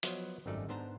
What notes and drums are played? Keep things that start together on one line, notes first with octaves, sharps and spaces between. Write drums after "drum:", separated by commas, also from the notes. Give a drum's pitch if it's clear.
F3 F#3 B3 B4 C5 D#5, drum: hi-hat
G#1 F#2 G3 A3 D#4 D5
G#2 B3 D4 C5 A5 A#5